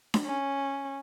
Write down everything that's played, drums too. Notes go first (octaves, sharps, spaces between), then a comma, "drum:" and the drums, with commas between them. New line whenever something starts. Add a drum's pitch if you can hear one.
drum: snare D4
C#4